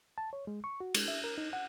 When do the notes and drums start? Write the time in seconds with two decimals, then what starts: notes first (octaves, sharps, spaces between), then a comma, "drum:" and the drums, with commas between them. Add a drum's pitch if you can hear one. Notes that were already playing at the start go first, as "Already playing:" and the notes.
0.18 A5
0.33 C#5
0.47 G#3
0.64 C#6
0.80 F#4
0.95 G#3, drum: cymbal
1.08 E5
1.24 A#4
1.38 D#4
1.53 F#5